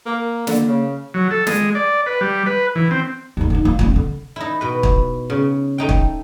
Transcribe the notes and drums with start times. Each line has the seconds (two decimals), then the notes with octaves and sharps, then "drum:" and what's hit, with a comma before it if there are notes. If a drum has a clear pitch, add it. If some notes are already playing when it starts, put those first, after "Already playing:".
0.06 A#3
0.47 D3 A#3, drum: snare
0.68 C#3
1.14 F#3
1.31 A4
1.47 G#3, drum: snare
1.75 D5
2.06 B4
2.21 G3
2.46 B4
2.76 E3
2.91 C4
3.37 D2 G2
3.50 D3 D#4
3.65 F4
3.79 E1 C#4, drum: kick
3.96 D3
4.36 D#4 E4
4.61 B2 B4
4.83 drum: kick
5.30 C#3
5.78 A3 D#4 G5
5.89 drum: kick